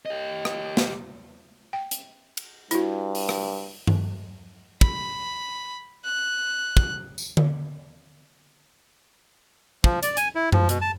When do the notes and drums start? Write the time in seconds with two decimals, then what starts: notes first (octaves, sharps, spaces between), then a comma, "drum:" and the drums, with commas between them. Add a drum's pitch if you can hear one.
0.06 G4 D#5
0.45 drum: rim click
0.77 drum: snare
1.73 G5
1.91 drum: hi-hat
2.37 drum: cymbal
2.71 G2 E4 F#4, drum: hi-hat
3.15 drum: open hi-hat
3.29 drum: rim click
3.87 drum: tom G2
4.81 B5, drum: kick
6.05 F#6
6.77 drum: kick
7.18 drum: tambourine
7.37 drum: tom D3
9.84 F3, drum: kick
10.03 D5, drum: hi-hat
10.17 G#5, drum: hi-hat
10.35 E4
10.52 F3, drum: tom F#2
10.69 B2, drum: hi-hat
10.81 A5